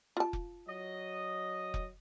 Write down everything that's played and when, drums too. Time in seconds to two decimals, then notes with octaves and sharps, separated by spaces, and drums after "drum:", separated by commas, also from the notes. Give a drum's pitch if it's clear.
0.17 F4 A5
0.33 drum: kick F1
0.68 F#3 D#5
1.74 drum: kick F1